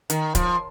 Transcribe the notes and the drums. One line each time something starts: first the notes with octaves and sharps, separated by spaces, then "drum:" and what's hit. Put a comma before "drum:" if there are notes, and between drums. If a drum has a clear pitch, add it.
D#3, drum: hi-hat
F3, drum: kick, hi-hat